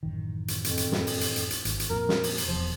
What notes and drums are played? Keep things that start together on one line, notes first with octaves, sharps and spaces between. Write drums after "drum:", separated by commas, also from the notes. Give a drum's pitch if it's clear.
A1 F#2 D#3
drum: hi-hat
F2, drum: hi-hat
drum: hi-hat
drum: snare
drum: open hi-hat
drum: hi-hat
drum: hi-hat
drum: hi-hat
G#1, drum: hi-hat
drum: hi-hat
F2 A#2 A#4
drum: snare
drum: open hi-hat
drum: hi-hat
E1 B2 F3